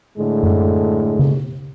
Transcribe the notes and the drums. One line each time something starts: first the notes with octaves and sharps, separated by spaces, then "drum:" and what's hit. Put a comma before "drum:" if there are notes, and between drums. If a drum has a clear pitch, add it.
A2 D3 G#3
drum: tom F#2
drum: tom C#3